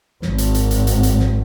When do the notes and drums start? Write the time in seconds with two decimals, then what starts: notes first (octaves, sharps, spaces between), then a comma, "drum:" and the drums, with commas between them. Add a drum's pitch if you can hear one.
0.22 G#1, drum: snare
0.38 drum: hi-hat
0.55 drum: hi-hat
0.71 drum: hi-hat
0.87 drum: hi-hat
1.03 drum: hi-hat
1.19 drum: snare